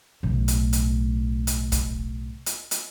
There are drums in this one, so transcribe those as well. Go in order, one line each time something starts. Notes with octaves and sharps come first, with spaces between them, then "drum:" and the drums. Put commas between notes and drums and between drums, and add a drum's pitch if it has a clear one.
B1 A2
drum: hi-hat
drum: hi-hat
drum: hi-hat
drum: kick, hi-hat
drum: hi-hat
drum: hi-hat